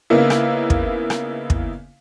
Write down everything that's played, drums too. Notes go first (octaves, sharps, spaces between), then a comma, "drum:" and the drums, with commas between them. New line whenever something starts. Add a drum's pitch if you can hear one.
C#3 A#3 B3 D#4 E4
drum: rim click
drum: kick
drum: rim click
drum: kick